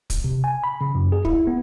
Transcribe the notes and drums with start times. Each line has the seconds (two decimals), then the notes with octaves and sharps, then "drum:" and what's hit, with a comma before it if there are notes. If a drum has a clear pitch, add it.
0.10 drum: kick, hi-hat
0.24 C3
0.44 G#5
0.64 B5
0.81 C#3
0.95 F#2
1.12 G#4
1.25 E4, drum: kick
1.47 B3